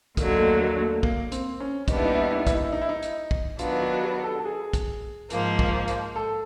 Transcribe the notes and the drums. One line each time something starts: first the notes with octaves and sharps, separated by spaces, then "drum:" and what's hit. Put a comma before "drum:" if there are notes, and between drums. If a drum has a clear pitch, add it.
D#2 D3 F#3 A#3, drum: kick, hi-hat
A3
A#3
A3
A#3, drum: kick
C4, drum: hi-hat
C#4
D#2 D#3 G3 B3 D4 D#4, drum: kick, hi-hat
E4
D#4
E4
D#4
E4
D#4
E4, drum: kick, hi-hat
D#4
E4
D#4
E4
D#4
drum: hi-hat
drum: kick
D#3 F#3 B3 D4 F4, drum: hi-hat
F4
F#4
G4
A4
A4
G#4
drum: kick, hi-hat
G#2 F3 A#3, drum: hi-hat
drum: kick
drum: hi-hat
A4